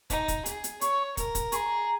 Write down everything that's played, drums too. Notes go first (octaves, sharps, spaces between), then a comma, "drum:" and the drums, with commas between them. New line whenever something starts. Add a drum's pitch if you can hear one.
D#4, drum: kick, hi-hat
drum: kick, hi-hat
G#4, drum: hi-hat
drum: hi-hat
C#5 C#6, drum: hi-hat
A#4, drum: kick, hi-hat
drum: kick, hi-hat
G#4 A#5 C#6, drum: hi-hat